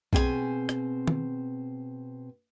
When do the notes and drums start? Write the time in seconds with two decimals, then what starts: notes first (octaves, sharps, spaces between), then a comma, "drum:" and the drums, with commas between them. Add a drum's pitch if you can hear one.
0.13 B2 C4 G#4 D#5 G#5, drum: kick B1
0.69 drum: rim click
1.07 drum: tom D#3